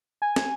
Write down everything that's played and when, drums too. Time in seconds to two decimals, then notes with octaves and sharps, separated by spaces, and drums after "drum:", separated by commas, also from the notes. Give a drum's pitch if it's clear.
0.22 G#5
0.36 drum: snare